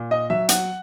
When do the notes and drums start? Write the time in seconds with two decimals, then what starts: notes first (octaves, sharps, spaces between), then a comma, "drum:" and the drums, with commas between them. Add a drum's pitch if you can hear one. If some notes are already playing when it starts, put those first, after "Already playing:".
Already playing: A#2
0.11 D#5
0.30 F#3 E5
0.49 F#5, drum: hi-hat